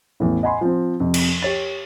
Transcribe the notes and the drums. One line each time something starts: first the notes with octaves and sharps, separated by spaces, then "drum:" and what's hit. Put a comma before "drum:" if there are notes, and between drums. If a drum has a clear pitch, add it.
A1 E2 A2
D#5 F#5 G#5 B5 C6
F3 C4
F2 C3
drum: cymbal
G4 C#5 A6